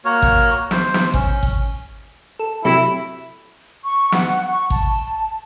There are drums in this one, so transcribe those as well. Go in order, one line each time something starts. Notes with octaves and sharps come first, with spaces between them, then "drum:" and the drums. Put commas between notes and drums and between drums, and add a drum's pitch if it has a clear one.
A#3 F#4 A#4 C#5
drum: kick G#1
C5, drum: snare
drum: snare
C#4, drum: kick G#1
drum: kick G#1
A4
C3 F#3 A3 E4
C#6
F#5, drum: snare
C#6
A5, drum: kick G#1